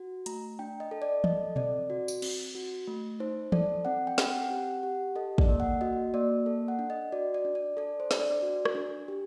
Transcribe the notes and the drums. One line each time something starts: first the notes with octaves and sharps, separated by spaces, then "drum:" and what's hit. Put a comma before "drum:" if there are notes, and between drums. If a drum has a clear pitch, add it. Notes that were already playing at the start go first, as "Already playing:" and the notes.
Already playing: F#4
A3 A#5, drum: hi-hat
D4 G5
D#5
A4
D5
A4 D#5, drum: tom
C4 D5, drum: tom B2
F#4
drum: tambourine
C4, drum: cymbal
F#4
A3
D#4 C5
A4 D5, drum: tom
C4 F#5
G5
C4 G5, drum: snare
F#5
G4 F#5
G4 F#5
A4 D#5
D5, drum: kick
A#3
F#5
F#4 D#5
A#3 D5
A4
F#5
D4
D#5
F#4 D5
D5
D4
D5
A4 D5
C5
D4, drum: snare
D5
F#4
drum: rim click
D4
G4